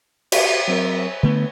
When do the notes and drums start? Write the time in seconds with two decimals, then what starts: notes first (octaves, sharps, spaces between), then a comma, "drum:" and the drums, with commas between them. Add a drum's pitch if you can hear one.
0.32 F#4 G4, drum: cymbal
0.68 F#3 C4 A#4
1.23 D3 A3 B3 B4